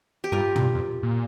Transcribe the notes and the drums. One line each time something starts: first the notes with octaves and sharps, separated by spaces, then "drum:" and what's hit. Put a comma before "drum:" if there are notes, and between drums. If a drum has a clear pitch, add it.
G4
G2 F4 A#4
A#2, drum: tom
G2
F2
A#2